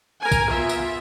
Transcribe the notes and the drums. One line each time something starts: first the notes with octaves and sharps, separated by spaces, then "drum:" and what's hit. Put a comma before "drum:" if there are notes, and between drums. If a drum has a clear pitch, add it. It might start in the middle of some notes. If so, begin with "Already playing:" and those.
A#4 G#5
drum: kick, tambourine
B3 F4 E5
drum: tambourine